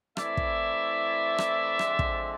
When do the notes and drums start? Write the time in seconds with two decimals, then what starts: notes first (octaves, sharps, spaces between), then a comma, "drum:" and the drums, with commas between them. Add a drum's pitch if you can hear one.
0.17 E3 A3 C4 E4 D5 E5, drum: rim click
0.37 drum: kick
1.38 drum: rim click
1.79 D3 F3 G#3 C4, drum: rim click
1.99 drum: kick